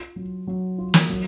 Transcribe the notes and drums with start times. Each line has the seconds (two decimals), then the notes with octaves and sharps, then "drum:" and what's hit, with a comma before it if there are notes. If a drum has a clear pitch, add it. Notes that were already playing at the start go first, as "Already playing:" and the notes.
Already playing: F4
0.16 F#3
0.47 F#3
0.78 F4
0.94 drum: snare
1.10 F#3